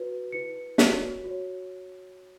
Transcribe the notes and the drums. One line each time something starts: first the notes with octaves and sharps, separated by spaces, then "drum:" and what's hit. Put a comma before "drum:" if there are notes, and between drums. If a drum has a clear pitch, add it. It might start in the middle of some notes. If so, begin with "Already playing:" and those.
Already playing: F#4 B4
E4 B4 C#7
F#4 A#4 C#5 B6, drum: snare
F#4 C#5